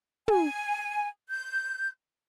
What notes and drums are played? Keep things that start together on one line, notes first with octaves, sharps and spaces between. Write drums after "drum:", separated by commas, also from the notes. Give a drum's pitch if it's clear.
G#5, drum: tom
G6